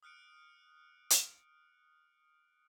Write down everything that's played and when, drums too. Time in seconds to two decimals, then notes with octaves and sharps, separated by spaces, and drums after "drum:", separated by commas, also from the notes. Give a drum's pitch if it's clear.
0.03 D#6 F6 F#6 C#7 D7
1.10 drum: hi-hat